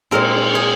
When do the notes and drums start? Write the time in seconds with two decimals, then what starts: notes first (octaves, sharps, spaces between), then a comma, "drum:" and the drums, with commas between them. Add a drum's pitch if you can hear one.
0.11 A#2 G#3 C4 A#4, drum: cymbal
0.55 G#4